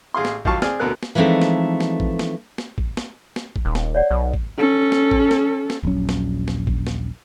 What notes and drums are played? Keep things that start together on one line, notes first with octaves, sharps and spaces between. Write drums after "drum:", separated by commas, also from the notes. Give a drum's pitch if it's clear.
A1 G#4 F5 C6
drum: snare
D#2 F#3 F4 F5 A5 C#6, drum: kick
C4 G#4 D5 G#5 F6, drum: snare
D2 B2 B3 A4 A#4 F#6
drum: snare
E3 F3 G#3 A3 C4 D#4
drum: snare
drum: snare
drum: kick
drum: snare
drum: snare
drum: kick
drum: snare
drum: snare
drum: kick
D#1
drum: snare
C#5 D5 F#5
B1
drum: kick
C#4 A4
drum: snare
drum: kick
drum: snare
drum: snare
D#1 A#1 F#3 C#4
drum: snare
drum: snare
drum: kick
drum: snare